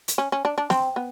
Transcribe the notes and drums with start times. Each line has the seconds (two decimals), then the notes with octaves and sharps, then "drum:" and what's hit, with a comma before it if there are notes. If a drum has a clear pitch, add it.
0.08 drum: hi-hat
0.18 C#4
0.32 C#4
0.45 D4
0.58 D4
0.70 C4, drum: snare
0.96 B3